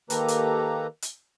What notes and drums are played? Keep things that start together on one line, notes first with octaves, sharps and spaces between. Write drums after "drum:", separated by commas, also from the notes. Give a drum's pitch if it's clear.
D#3 A#3 G4 A4 B4 A#5, drum: hi-hat
drum: hi-hat
drum: hi-hat